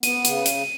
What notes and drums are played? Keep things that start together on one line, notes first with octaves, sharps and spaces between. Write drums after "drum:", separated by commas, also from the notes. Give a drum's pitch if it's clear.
B3 D#7, drum: hi-hat
C#3, drum: hi-hat
drum: hi-hat